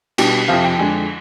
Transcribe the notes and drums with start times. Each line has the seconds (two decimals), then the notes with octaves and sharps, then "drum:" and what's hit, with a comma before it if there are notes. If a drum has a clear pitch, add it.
0.18 B2 G3 D4 G5, drum: cymbal
0.48 F2 C3 F3 F5
0.64 G5
0.78 F2 D3 G#3 D4 G#5